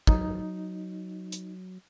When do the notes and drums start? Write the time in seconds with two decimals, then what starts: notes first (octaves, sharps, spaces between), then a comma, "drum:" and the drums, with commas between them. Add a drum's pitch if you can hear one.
0.07 F#3 D#4, drum: kick
1.32 drum: hi-hat